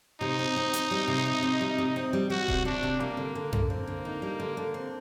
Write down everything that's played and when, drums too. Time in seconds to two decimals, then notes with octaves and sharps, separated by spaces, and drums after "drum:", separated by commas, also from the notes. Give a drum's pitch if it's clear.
0.21 C3 D#4
0.39 C4
0.56 C4
0.73 C4, drum: hi-hat
0.91 G3
1.08 C3
1.26 C4
1.43 C3
1.61 G3
1.78 C3
1.96 C4
2.13 G3
2.30 G3 F#4
2.48 C3, drum: kick D#1
2.65 C4 D4
2.83 C3
3.00 G3 A#3
3.17 D3
3.35 D3
3.53 D3, drum: tom F#2
3.70 A#3 C4
3.87 D3
4.05 D#4
4.22 G3
4.40 D3
4.57 D3
4.74 C4